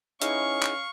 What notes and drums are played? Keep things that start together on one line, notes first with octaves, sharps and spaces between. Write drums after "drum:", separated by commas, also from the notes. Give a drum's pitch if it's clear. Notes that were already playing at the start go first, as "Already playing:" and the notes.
C#4 D#4 E4 G#4 F5 C#6, drum: hi-hat
drum: clap